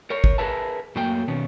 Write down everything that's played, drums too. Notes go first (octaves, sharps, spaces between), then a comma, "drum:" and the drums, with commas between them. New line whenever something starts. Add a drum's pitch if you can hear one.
A#4 C#5
drum: kick
G#4 A#4 B4 E5 A5
F#2 F#3 A3 A#3 G5
B2 D#3 B3 C#4